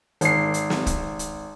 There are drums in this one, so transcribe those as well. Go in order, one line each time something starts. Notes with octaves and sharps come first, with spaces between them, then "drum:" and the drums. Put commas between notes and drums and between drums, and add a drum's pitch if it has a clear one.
G#1 C7, drum: hi-hat
drum: hi-hat
drum: snare
drum: kick, hi-hat
drum: hi-hat